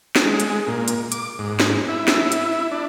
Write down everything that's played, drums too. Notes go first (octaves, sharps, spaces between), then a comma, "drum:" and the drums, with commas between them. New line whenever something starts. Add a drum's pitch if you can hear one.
drum: snare
G#3
drum: hi-hat
A#2
drum: hi-hat
D6, drum: hi-hat
G#2
drum: snare
E4
drum: snare
drum: hi-hat
D4